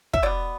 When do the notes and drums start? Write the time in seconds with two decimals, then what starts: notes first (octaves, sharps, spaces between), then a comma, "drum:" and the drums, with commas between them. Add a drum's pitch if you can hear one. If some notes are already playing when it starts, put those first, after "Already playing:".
0.13 E5, drum: kick
0.23 B2 B3 D5